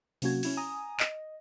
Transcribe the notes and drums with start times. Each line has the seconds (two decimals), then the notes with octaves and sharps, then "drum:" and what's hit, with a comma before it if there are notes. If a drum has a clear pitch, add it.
0.22 C3 F#3 A#3 C#4 F#4 G#6, drum: open hi-hat
0.43 C#4 E4 G#6, drum: open hi-hat
0.57 G#5 A#5 D#6
1.00 D#5, drum: clap